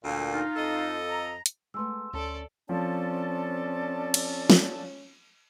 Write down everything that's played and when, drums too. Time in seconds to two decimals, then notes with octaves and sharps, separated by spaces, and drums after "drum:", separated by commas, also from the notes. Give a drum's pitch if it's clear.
0.04 D2 A#2
0.33 D#4 F4
0.56 F2 A4 D#5
1.10 A#5
1.46 drum: hi-hat
1.74 G#3 A3 B3 C6 E6
2.13 D2 C#4 A4 D5 A5
2.69 F3 C4 C#4 A4 D5 A5
4.14 drum: cymbal
4.50 drum: snare